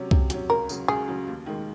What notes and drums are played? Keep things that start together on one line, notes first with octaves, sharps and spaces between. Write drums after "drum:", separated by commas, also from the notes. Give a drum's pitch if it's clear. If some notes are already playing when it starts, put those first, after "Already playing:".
Already playing: C3 F#3 C#4
C3, drum: kick C2
F#3 C#4, drum: hi-hat
C#2 A#4
C#3 F#3, drum: tambourine
C#2 G#4
C#3 F#3
D#2
D#3 G#3